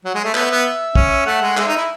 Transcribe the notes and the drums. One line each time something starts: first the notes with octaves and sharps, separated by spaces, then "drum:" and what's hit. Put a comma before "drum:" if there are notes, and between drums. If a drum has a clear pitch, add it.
F#3
G#3
A3
B3 E5, drum: clap
B3
C#4, drum: kick
A3 F#5
G#3
G#3 E5, drum: clap
D#4
E4